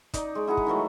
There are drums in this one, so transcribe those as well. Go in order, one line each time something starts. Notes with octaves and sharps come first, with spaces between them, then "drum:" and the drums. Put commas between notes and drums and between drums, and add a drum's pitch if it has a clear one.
D#4 D5, drum: kick, hi-hat
G#3 C#6
E4 G#4 F#5 A#5
drum: kick
D#3 E3 F#3 A3